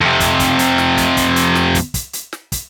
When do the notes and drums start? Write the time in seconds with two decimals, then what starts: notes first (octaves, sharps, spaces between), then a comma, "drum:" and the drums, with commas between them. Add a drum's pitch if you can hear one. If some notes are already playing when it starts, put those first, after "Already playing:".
0.01 F2 C3
0.20 drum: kick, hi-hat
0.40 drum: kick, hi-hat
0.59 drum: hi-hat
0.78 drum: snare
0.97 drum: kick, hi-hat
1.17 drum: kick, hi-hat
1.36 drum: hi-hat
1.55 drum: snare
1.75 drum: kick, hi-hat
1.94 drum: kick, hi-hat
2.13 drum: hi-hat
2.33 drum: snare
2.52 drum: kick, hi-hat